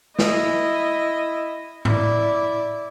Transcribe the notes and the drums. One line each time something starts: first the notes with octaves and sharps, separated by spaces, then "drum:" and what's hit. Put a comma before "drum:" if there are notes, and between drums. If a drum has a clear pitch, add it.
E4 D#5, drum: snare
E4 D5, drum: tom G#2